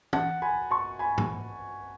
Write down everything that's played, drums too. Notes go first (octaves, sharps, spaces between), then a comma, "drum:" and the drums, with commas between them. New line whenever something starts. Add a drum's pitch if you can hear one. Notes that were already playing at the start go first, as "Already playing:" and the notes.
F#5 A5, drum: tom
G#5 B5
A5 C#6
G#5 B5
drum: tom G#2